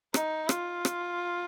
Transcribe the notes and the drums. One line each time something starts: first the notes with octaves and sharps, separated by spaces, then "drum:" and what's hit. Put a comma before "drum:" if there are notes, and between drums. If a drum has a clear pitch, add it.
D#4, drum: rim click
F4, drum: rim click
drum: rim click